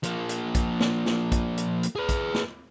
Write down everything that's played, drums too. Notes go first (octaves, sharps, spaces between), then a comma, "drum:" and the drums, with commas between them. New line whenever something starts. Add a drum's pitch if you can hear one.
F3 A#3, drum: hi-hat
drum: hi-hat
drum: kick, hi-hat
drum: snare
drum: snare
drum: kick, hi-hat
drum: hi-hat
drum: hi-hat
G#4 B4
drum: kick, hi-hat
drum: snare